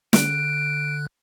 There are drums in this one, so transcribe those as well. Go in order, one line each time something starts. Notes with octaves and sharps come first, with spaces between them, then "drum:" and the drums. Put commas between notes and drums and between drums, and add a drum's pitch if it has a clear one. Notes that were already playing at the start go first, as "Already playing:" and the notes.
D3 F#6 D7, drum: snare